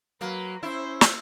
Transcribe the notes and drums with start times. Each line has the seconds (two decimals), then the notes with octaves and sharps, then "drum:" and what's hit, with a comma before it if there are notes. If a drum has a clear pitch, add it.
0.21 F#3 A#3 B4
0.63 C#4 E4 C5
1.01 drum: snare